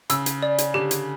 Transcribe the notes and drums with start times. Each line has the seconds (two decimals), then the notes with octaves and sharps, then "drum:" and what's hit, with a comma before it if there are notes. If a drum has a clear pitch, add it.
0.10 C#3 E6, drum: hi-hat
0.26 drum: hi-hat
0.42 D5
0.58 drum: hi-hat
0.74 D3 G4
0.91 drum: hi-hat